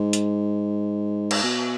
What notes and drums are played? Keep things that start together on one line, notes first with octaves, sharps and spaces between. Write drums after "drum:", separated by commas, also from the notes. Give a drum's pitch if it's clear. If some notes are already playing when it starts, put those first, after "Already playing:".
Already playing: G#2
drum: hi-hat
drum: cymbal
B2